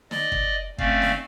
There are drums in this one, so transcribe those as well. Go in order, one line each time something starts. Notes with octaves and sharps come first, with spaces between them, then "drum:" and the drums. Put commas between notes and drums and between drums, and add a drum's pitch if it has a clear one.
D5 D#5, drum: snare
drum: kick
A3 C4 C#4 D5 F5, drum: kick
drum: snare